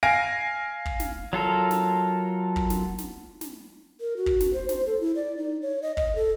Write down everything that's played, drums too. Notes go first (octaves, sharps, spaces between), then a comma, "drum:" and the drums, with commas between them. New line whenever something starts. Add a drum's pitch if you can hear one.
F5 G#5 A#6 D7
drum: kick
drum: snare
F#3 F4 A4 A#4
drum: snare
drum: kick
drum: snare
drum: snare
drum: snare
A#4
F#4
drum: kick
drum: snare
C5
C5, drum: snare
A4
E4
D5
D#4
C#5
D#5
D#5, drum: kick
A4